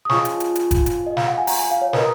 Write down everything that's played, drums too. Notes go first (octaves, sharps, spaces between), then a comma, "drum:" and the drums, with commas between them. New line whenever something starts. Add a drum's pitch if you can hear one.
D#6
F3 G#3 C#4 C#6, drum: snare
drum: hi-hat
drum: hi-hat
drum: hi-hat
drum: kick, hi-hat
drum: hi-hat
D#5
F5, drum: snare
F#5
G#5
A#5, drum: open hi-hat
G#5
F5
C#5
D#4 A#4 B4 D#5, drum: snare